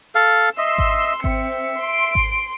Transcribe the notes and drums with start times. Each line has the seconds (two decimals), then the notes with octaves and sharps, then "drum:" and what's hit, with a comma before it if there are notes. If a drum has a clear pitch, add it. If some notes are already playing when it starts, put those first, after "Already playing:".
0.15 A4 F5
0.58 D#5 E5 C6 E6
0.78 drum: kick G#1
1.24 C4 E5 C#7, drum: kick G#1
1.80 C6 D7
2.15 drum: kick G#1